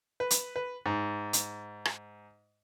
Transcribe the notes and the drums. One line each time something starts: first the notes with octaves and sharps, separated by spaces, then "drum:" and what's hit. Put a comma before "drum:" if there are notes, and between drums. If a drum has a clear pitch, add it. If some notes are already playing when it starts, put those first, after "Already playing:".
B4
drum: hi-hat
B4
G#2
drum: hi-hat
drum: rim click